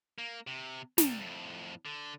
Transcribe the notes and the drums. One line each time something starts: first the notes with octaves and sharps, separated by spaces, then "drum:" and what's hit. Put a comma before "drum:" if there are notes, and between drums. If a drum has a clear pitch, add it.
A#3
C3
C3 G3, drum: snare
F2 A2
D3